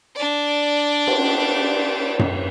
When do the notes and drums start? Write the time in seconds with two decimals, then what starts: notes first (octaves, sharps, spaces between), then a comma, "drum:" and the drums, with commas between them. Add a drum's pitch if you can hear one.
0.15 D4 D5
1.07 drum: cymbal
2.19 drum: tom F#2